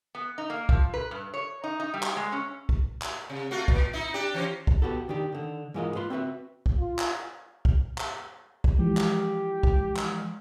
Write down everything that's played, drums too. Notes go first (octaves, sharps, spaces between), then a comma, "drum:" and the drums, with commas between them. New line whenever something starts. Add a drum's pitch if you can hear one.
B3
D#4
A#3
F3, drum: kick
B4
G2
C#5
D#4
D#4
G3
drum: clap
G#3
C#4
drum: kick
drum: clap
C3
A3 F4 F#4
A#2, drum: kick
D#4 E4
D4 G4
E3 C#4 C5
drum: kick
B3 F#4 G4 A4
D#3 D4 G4
D3 D#3
G#2 E3 G#3 F4 A#4 D#5
F4 B4 C6
C4 F#4 B4 E5
drum: kick
F4
drum: clap
drum: kick
drum: clap
drum: kick
E3 F3 G#3 G4
drum: clap
drum: kick
drum: clap